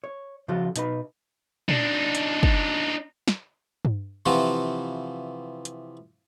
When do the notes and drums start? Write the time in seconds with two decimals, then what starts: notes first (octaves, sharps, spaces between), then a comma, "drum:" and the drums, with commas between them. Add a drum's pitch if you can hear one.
0.04 C#5
0.48 C#3 F3 F4 F#4 A4
0.76 B2 D#4 B4 B5, drum: hi-hat
1.69 D4 D#4, drum: tom A#2
2.15 drum: hi-hat
2.43 drum: kick
3.28 drum: snare
3.85 drum: tom G2
4.26 C3 E3 F3 F4 F#4
5.65 drum: hi-hat